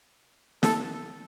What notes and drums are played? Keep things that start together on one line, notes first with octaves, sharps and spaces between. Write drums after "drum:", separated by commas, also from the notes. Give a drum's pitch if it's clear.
A4, drum: snare